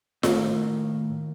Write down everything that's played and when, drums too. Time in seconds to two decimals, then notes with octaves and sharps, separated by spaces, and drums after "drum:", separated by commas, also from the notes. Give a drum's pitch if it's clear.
0.23 A2 D#3 A#3, drum: snare F4